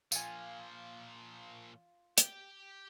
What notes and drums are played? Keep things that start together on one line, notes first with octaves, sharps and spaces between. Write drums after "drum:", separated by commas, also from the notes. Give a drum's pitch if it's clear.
A#2 F3 F4 F5 G#5, drum: tambourine
G4 G5, drum: hi-hat